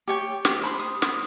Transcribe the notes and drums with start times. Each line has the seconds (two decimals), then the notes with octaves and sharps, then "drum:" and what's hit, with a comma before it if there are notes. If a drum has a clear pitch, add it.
0.08 G4 C#5 G5
0.45 G4, drum: snare
0.62 C5 B5 C6
0.79 D#6
1.02 drum: snare